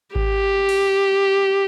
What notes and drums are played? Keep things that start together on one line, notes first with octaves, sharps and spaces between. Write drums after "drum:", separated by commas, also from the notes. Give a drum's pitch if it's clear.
G4, drum: kick G#1
drum: cymbal